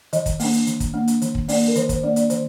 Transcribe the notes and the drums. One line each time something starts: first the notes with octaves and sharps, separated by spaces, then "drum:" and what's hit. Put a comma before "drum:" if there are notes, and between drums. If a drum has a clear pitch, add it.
D#3 D#5, drum: hi-hat
drum: kick, hi-hat
A#3 D4, drum: open hi-hat
drum: hi-hat
D#3, drum: hi-hat
drum: kick, hi-hat
A#3 D4
drum: hi-hat
D#3, drum: hi-hat
drum: kick
A#3 D4 D5, drum: open hi-hat
A#4
D#3 C5, drum: hi-hat
C5, drum: kick, hi-hat
A#3 D4 D5
D5, drum: hi-hat
D#3 C5, drum: hi-hat